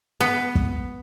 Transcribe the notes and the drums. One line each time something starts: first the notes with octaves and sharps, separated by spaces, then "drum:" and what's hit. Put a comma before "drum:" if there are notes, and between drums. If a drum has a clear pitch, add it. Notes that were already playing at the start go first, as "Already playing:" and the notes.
B3
drum: kick